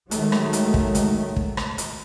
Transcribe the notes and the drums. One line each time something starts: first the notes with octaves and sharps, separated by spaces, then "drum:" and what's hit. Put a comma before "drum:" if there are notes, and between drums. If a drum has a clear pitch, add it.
D#3 F#3 G#3 A3, drum: hi-hat
drum: rim click
drum: hi-hat
drum: kick
drum: hi-hat
drum: kick
drum: rim click
drum: hi-hat